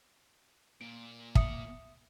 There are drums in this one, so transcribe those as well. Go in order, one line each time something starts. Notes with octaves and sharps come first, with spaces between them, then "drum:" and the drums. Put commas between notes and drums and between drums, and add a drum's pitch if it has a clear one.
A#2 D7
E5 D#6 C#7, drum: kick